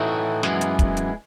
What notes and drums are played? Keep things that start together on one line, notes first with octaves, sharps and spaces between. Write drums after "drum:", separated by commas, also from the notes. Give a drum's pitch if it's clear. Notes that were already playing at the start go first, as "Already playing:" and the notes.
Already playing: A2 E3 A3 D#4 F#4
F#2 E3 G#3 B3, drum: snare
drum: hi-hat
drum: kick, hi-hat
drum: hi-hat